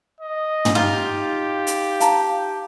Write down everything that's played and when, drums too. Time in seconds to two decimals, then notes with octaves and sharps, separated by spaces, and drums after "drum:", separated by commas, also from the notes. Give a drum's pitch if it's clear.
0.20 D#5
0.65 drum: tom
0.75 D#4 F4 G4
1.67 drum: hi-hat
2.00 F5 A5 A#5, drum: hi-hat